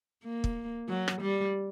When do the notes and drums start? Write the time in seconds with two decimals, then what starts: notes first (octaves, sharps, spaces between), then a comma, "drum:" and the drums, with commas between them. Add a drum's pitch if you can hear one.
0.25 A#3
0.44 drum: kick
0.89 F#3
1.08 drum: rim click
1.22 G3